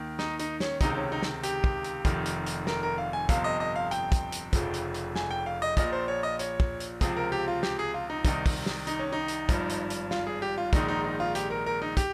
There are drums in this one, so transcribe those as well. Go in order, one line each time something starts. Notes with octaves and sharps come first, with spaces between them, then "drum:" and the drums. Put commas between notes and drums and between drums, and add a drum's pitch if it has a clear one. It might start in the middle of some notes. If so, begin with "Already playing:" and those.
Already playing: D#2 D#3
D#4, drum: snare
D#4, drum: hi-hat
C#4, drum: snare
C#2 C3 D#3 D#4, drum: kick, hi-hat
D#4
C#4
D#4
drum: snare
G4, drum: hi-hat
drum: kick
drum: hi-hat
F1 F2 D#3, drum: kick, hi-hat
drum: hi-hat
drum: hi-hat
A#4, drum: snare
A#4
F5
G#5
G1 F2 C3 F5, drum: kick, hi-hat
D#5
D#5
F5
G5, drum: hi-hat
drum: kick, hi-hat
drum: hi-hat
F1 F2 C#3 F3, drum: kick, hi-hat
drum: hi-hat
drum: hi-hat
G#5, drum: snare
G5
F5
D#5
A#1 A#2 F3 D#5, drum: kick, hi-hat
C5
C#5
D#5
C#5, drum: hi-hat
drum: kick
drum: hi-hat
C#2 C3 F3 G#4, drum: kick, hi-hat
A#4
G4
F4
G4, drum: snare
G#4
F4
D#4
C2 C3 D#3 D#4, drum: kick, hi-hat
drum: kick, open hi-hat
drum: snare
D#4, drum: hi-hat
C#4
D#4
drum: hi-hat
G#1 G2 F3, drum: kick, hi-hat
drum: hi-hat
drum: hi-hat
F4, drum: snare
G#4
G4
F4
A#1 G#2 D#3 D#4, drum: kick, hi-hat
D#4
D#4
F4
G4, drum: hi-hat
A#4
A#4
D#4
G4, drum: kick, hi-hat